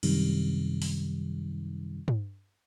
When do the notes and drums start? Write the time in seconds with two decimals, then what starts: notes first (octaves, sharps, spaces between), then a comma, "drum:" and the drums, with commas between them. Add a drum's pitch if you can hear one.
0.03 F#2 C3 D#3 G3, drum: cymbal
0.82 drum: open hi-hat
2.08 drum: tom